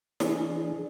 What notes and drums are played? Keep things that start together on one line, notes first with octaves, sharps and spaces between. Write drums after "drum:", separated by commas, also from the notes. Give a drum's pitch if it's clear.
E3 D4 G#4, drum: snare